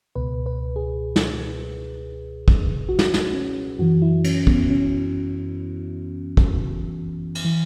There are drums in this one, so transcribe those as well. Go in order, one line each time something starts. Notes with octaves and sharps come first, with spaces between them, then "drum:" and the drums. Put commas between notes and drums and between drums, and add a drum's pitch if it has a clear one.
C#2 B2 B4
B4
G#4
drum: snare
drum: kick
F#4
drum: snare
drum: snare
C#4
F#2 E3 F#4
E4
C#4, drum: cymbal
B3, drum: kick
C#4
drum: kick
drum: cymbal
E3